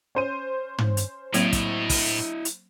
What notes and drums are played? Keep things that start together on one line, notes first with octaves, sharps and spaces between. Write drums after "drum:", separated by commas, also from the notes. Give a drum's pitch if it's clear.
C#4 C5 D#7
drum: tom
drum: hi-hat
A2 F#3 A#3 C4 E4 D#5, drum: hi-hat
drum: kick, hi-hat
drum: kick, open hi-hat
drum: hi-hat